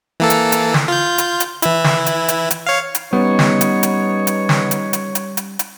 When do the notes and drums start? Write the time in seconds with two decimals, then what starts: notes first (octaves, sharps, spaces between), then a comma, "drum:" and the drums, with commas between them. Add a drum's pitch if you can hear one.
0.20 E3 A#3 A4
0.30 drum: hi-hat
0.52 drum: hi-hat
0.74 drum: snare
0.88 F4 G6
1.18 drum: hi-hat
1.40 drum: hi-hat
1.62 E3 E4, drum: hi-hat
1.84 drum: snare
2.06 drum: hi-hat
2.28 drum: hi-hat
2.51 drum: hi-hat
2.67 C#5 F5
2.95 drum: hi-hat
3.13 G3 B3 C#4 D#4 C#5
3.39 drum: snare
3.61 drum: hi-hat
3.83 drum: hi-hat
4.27 drum: hi-hat
4.49 drum: snare
4.71 drum: hi-hat
4.93 drum: hi-hat
5.15 drum: hi-hat
5.37 drum: hi-hat
5.59 drum: hi-hat